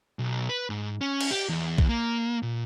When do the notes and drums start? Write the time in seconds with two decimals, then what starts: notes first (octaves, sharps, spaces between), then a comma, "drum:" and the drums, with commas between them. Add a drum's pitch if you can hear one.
0.19 B1
0.49 B4
0.70 G#2
1.01 C#4
1.21 drum: cymbal
1.31 G4
1.49 E2
1.78 drum: kick A#1
1.89 A#3
2.43 A#2